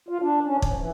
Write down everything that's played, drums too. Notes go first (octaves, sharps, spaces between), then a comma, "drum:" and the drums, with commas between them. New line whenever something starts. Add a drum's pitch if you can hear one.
F4
D4
C#4
G#2, drum: kick
E3